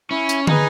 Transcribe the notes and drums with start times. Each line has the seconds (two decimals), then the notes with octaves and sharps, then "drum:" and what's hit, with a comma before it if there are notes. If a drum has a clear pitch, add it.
0.11 C#4 E4
0.29 drum: hi-hat
0.47 D#4 G#4 B4 D#5 G#5, drum: tom